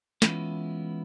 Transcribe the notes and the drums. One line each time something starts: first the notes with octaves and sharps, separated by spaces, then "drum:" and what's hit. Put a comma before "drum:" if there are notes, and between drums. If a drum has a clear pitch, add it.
E3 G#3 B3 C#4 E4 F4, drum: snare